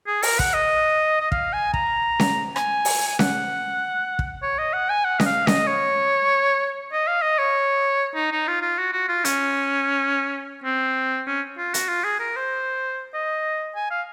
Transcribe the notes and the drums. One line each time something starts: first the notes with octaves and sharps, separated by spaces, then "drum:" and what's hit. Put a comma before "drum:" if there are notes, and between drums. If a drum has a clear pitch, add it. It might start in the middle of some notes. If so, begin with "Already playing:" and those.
G#4
A#4, drum: open hi-hat
F#5, drum: kick
D#5
D#5
F5, drum: kick
G#5
A#5, drum: kick
drum: snare C#4
G#5, drum: rim click
drum: open hi-hat
G#5
F#5, drum: snare C#4
drum: kick
C#5
D#5
F#5
G#5
F#5
D#5, drum: snare C#4
F5
D#5, drum: snare C#4
C#5
D#5
F5
D#5
C#5
D#4
D#4
F4
F4
F#4
F#4
F4
C#4, drum: hi-hat
C4
C#4
F4
F#4, drum: hi-hat
F4
G#4
A#4
C5
D#5
G#5
F5